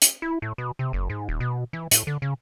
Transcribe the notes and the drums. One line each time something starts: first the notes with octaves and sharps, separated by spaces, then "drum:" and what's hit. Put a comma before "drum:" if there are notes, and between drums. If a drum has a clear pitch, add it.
drum: hi-hat
E4
A2
B2
C3
F#1
G#2
D#1
B2
E3
A2, drum: hi-hat
D3
C#3